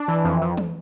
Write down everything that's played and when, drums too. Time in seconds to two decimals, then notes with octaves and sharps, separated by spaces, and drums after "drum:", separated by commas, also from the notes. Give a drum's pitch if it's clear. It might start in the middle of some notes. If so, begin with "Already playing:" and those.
Already playing: D4
0.08 E3
0.24 F2
0.41 F2
0.57 drum: tom E3